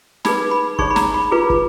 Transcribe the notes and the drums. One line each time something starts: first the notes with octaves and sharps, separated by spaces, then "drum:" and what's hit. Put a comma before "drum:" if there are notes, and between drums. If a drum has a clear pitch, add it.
D#4 G#4 B4 B5, drum: snare
B5
D#4 G#4 C#5 C#6, drum: kick
B5
A#5, drum: snare
B5
F4 G#4 B4
drum: kick